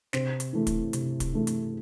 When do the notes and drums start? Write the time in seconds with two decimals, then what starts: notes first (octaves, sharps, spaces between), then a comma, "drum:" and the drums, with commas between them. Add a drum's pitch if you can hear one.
0.13 C3 C4, drum: snare
0.40 drum: hi-hat
0.53 E3 A3
0.67 drum: kick, hi-hat
0.93 C3, drum: hi-hat
1.20 drum: kick, hi-hat
1.33 E3 A3
1.47 drum: hi-hat